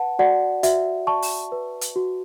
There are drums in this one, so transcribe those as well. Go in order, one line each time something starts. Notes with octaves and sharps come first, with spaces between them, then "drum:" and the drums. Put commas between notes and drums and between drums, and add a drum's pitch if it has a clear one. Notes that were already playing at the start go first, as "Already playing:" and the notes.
Already playing: B4 F#5 A5
F#4 D5 F#5
F#4 E5, drum: hi-hat
D5 A5 C#6
drum: open hi-hat
B4
drum: hi-hat
F#4